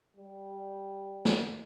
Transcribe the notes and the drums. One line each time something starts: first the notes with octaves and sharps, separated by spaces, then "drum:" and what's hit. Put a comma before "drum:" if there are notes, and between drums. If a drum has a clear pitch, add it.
G3
drum: snare